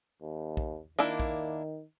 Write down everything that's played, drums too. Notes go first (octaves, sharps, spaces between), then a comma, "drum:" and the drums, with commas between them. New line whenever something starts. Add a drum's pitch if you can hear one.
D#2
drum: kick
D#3 A#3 D4 E4
drum: kick